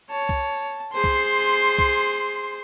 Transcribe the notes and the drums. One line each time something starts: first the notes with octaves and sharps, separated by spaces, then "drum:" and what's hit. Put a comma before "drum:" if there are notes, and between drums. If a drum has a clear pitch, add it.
C#5 A5
drum: kick C2
G#4 C5 C6 C7
drum: kick C2
drum: kick C2